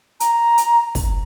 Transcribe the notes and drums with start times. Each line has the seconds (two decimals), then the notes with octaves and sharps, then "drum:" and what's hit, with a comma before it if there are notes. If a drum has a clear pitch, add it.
0.20 A#5, drum: hi-hat
0.58 drum: hi-hat
0.95 drum: kick, open hi-hat